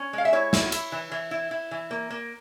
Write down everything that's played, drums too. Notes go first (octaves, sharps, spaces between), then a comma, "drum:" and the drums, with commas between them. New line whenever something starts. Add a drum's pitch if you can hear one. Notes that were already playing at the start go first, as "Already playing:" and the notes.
Already playing: C#4
G#3 F5
E5
E4 C#5
E4, drum: snare
E4, drum: cymbal
E3
E3
E4
E4
E3
A#3
A#3